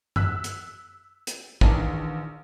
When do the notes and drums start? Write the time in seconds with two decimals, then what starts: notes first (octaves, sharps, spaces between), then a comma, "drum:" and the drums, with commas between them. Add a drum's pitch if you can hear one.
0.16 E6 F#6 B6, drum: tom F#2
0.44 drum: hi-hat
1.27 drum: hi-hat
1.61 A#1 D#3 E3 D4, drum: kick